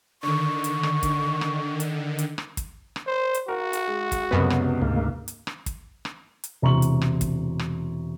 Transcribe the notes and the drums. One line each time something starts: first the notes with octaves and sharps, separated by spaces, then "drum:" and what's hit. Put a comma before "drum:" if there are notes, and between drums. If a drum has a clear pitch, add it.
D3 D#3 C#6
drum: hi-hat
drum: rim click
drum: kick, hi-hat
drum: rim click
drum: hi-hat
drum: hi-hat
drum: rim click
drum: kick, hi-hat
drum: rim click
C5
drum: hi-hat
F#4 A#4
drum: hi-hat
G#3
drum: kick, hi-hat
C#2 F#2 C3 G3 B3
drum: rim click
D2 G#2 A#3
drum: hi-hat
drum: rim click
drum: kick, hi-hat
drum: rim click
drum: hi-hat
E1 C3 A#5 C6 C#6 F#7
drum: hi-hat
drum: rim click
drum: kick, hi-hat
drum: rim click